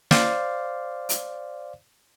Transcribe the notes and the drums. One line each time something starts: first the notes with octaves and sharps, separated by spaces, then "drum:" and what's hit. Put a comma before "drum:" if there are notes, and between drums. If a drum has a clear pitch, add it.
C5 D5 F5, drum: snare
drum: hi-hat